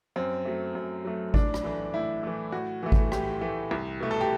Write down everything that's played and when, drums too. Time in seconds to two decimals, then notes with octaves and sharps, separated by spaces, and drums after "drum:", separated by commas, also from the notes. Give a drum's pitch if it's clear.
0.16 F#2 C4
0.45 F#3 A3
0.75 F#2
1.05 F#3 A3
1.34 A2 D4, drum: kick G#1
1.54 drum: rim click
1.64 E3 A3
1.93 A2 E4
2.23 E3 A3
2.52 A2 F#4
2.83 E3 A3
2.92 drum: kick G#1
3.12 A2 G4, drum: rim click
3.41 E3 A3
3.71 C2
4.00 B2 A3
4.11 A4
4.21 G4